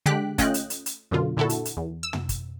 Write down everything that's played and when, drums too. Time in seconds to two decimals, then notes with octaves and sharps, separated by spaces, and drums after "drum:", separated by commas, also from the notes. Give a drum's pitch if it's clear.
0.06 D3 G#3 G4 D6 F#6 B6
0.38 A3 C#4 F4 D#5 G5 F#6, drum: kick, hi-hat
0.54 drum: hi-hat
0.70 drum: hi-hat
0.86 drum: hi-hat
1.11 F#2 B2 D3 F4
1.37 A#2 D3 E4 F#4 A4
1.49 drum: hi-hat
1.65 drum: hi-hat
1.77 E2
2.03 E6
2.13 drum: tom
2.29 drum: kick, hi-hat